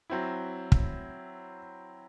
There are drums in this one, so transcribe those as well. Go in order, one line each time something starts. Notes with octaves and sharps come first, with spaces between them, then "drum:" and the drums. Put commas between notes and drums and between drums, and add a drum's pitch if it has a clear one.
F#3 C4 E4
drum: kick